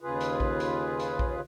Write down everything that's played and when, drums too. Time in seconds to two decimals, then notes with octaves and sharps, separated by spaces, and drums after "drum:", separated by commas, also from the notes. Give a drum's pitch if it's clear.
0.01 D#2 C#3 F4 G#4 B4
0.20 drum: hi-hat
0.40 drum: kick A#1
0.60 drum: hi-hat
1.00 drum: hi-hat
1.19 drum: kick A#1